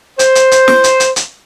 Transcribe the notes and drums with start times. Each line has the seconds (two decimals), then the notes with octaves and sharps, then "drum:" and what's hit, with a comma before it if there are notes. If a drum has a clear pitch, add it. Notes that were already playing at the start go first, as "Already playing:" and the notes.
0.19 C5, drum: hi-hat
0.35 drum: hi-hat
0.51 drum: hi-hat
0.68 drum: snare
0.84 drum: hi-hat
1.00 drum: hi-hat
1.16 drum: hi-hat